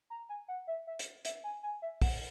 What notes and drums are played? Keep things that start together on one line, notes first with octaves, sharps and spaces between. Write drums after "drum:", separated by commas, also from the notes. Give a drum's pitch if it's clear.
A#5
G#5
F#5
E5
E5
drum: hi-hat
E5, drum: hi-hat
G#5
G#5
E5
F#5, drum: kick, open hi-hat